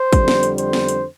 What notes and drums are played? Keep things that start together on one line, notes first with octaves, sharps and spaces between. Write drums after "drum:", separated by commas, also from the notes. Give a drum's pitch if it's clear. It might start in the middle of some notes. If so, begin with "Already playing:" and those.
Already playing: C5
F2 D3 G3, drum: kick, hi-hat
drum: snare
drum: hi-hat
C5, drum: hi-hat
drum: snare
drum: hi-hat